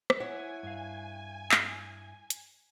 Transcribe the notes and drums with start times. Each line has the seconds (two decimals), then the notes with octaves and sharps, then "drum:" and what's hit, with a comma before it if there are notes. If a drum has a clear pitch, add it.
0.10 drum: rim click
0.20 E4 C#5 F#5 G#5
0.63 G2 F5
1.51 drum: clap
2.30 drum: hi-hat